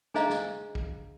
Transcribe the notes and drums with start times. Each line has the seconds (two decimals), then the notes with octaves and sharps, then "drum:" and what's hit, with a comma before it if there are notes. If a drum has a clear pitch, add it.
0.14 D4 G#4 C5 D#5 F5 A#5, drum: snare
0.30 drum: snare
0.75 drum: kick